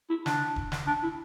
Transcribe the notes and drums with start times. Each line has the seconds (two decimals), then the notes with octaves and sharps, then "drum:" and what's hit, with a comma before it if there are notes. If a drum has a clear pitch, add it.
0.10 E4
0.26 D4, drum: snare
0.56 drum: kick D1
0.72 drum: snare
0.87 D4
1.03 E4